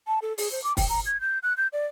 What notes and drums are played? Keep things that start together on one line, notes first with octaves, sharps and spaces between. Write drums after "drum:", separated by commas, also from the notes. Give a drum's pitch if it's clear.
A5
A4
G#4, drum: open hi-hat
C5
D6
G5, drum: kick, open hi-hat
A#5
G#6
G6
F#6
G6
D5